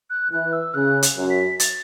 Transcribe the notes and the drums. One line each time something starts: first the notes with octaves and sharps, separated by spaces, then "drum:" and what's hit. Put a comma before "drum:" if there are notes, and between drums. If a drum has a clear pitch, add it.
F#6
E3 F#6
E6
C#3 F#6
drum: hi-hat
F#2
B6
A6, drum: hi-hat